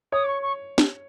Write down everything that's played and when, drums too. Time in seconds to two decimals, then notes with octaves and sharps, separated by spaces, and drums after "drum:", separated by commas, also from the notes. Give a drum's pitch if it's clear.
0.12 C#5 D#6
0.24 D6
0.27 C#6
0.42 C#6
0.78 drum: snare